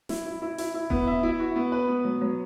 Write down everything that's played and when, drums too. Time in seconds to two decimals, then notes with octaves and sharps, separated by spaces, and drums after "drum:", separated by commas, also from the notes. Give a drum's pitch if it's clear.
0.09 E4, drum: snare
0.25 E4
0.42 E4
0.58 E4, drum: hi-hat
0.74 E4
0.90 B3, drum: kick E1
1.07 E5
1.23 E4
1.39 F#4
1.56 B3
1.72 B4
1.88 B3
2.04 F#3
2.21 F#3